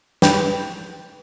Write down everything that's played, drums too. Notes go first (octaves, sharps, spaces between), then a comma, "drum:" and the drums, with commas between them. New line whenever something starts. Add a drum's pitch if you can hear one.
B4 G5, drum: snare